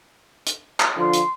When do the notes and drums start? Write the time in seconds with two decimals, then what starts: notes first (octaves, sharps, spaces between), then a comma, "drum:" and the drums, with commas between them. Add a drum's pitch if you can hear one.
0.46 drum: hi-hat
0.80 drum: clap
0.97 D3 F3 F4 C6
1.13 drum: hi-hat